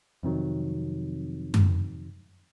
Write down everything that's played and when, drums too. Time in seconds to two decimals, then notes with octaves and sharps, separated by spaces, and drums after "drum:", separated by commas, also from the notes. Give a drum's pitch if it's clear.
0.23 F2 C3 D#3 F#3
1.54 drum: tom F#2